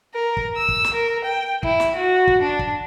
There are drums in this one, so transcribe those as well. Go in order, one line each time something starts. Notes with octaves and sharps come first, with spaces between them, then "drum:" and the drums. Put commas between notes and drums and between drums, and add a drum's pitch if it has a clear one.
A#4
drum: kick
E6
drum: kick
drum: snare
A#4
G5
E4, drum: kick
drum: snare
F#4
drum: kick
D4
drum: kick